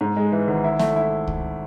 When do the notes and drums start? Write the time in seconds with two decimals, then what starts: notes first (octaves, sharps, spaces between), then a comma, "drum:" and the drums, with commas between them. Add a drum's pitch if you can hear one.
0.01 G#2
0.16 G#3
0.32 E3
0.48 G#1
0.64 E4
0.79 A3, drum: snare
0.96 E4
1.27 drum: kick C2